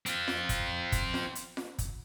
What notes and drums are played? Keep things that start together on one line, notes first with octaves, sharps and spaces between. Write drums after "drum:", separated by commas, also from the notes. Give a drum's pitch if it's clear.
C4 F4, drum: hi-hat
drum: snare F4
drum: kick, hi-hat
drum: kick, hi-hat
drum: snare F4
drum: hi-hat
drum: snare F4
drum: kick, hi-hat